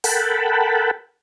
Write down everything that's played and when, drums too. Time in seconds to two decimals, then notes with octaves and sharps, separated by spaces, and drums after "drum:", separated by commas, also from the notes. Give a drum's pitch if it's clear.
0.04 A4 A#4 F#5 G5 A5 B5, drum: open hi-hat